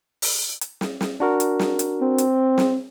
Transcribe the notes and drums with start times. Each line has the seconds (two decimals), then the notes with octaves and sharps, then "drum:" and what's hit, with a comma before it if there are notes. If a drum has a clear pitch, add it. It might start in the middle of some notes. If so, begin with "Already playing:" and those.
0.22 drum: open hi-hat
0.61 drum: hi-hat
0.81 drum: snare
1.01 drum: snare
1.20 D4 F#4 A#4
1.40 drum: hi-hat
1.59 drum: snare
1.79 drum: hi-hat
2.01 C4
2.18 drum: hi-hat
2.58 drum: snare